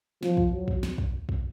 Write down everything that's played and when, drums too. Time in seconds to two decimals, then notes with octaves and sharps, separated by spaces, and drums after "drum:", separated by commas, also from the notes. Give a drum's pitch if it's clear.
0.23 F3, drum: snare
0.37 drum: kick
0.52 F#3
0.68 drum: kick
0.83 drum: snare
0.98 drum: kick
1.29 drum: kick